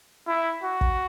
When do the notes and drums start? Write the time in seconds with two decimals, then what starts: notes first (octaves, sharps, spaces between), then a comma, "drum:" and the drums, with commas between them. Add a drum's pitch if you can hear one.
0.27 E4
0.63 F#4
0.81 drum: kick